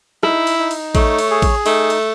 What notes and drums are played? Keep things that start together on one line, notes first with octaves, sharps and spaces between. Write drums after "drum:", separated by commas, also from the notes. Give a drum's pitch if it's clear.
D#4 E4, drum: rim click
drum: cymbal
D#4
drum: cymbal
A3 C#5, drum: kick A1, cymbal
drum: cymbal
G#4
drum: kick A1, cymbal
A3 D#4, drum: cymbal
drum: cymbal